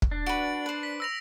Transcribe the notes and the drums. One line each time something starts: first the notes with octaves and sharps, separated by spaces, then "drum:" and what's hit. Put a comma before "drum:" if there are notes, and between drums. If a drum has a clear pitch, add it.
drum: kick
D4
F#4 B4 D7 F#7
B4 C5
B6
E6 A#6 F7